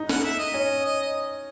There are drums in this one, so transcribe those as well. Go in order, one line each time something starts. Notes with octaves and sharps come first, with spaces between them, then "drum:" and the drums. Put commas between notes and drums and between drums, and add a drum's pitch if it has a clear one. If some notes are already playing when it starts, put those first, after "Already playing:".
Already playing: D#4
F#5, drum: snare
E5
D#5
C#4
D#5